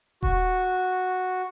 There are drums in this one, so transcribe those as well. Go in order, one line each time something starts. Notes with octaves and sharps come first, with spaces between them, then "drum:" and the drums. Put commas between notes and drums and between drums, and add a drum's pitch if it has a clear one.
F#4, drum: kick D#1